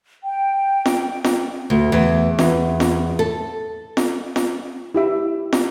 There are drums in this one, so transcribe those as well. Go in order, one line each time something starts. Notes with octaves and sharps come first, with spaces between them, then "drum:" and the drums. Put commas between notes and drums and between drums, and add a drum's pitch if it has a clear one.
G5
drum: snare
drum: snare
D2
E2
E2, drum: snare
drum: snare
A4
drum: snare
drum: snare
E4 G4 E5
drum: snare